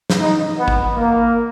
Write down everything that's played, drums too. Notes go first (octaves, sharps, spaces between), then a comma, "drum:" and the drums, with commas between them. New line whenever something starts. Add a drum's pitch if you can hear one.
drum: snare
D#4
B3
drum: kick
A#3